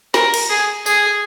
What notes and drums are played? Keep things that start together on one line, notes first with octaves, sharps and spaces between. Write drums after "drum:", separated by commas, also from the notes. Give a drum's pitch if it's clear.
A#4, drum: snare
drum: cymbal
G#4
G#4, drum: tambourine